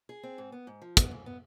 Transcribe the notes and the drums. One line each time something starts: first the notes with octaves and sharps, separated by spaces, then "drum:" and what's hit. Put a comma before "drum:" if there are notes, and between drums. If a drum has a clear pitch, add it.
G#4
C4
G#2
B3
G#2
F3
B3, drum: kick, hi-hat
G#2
B3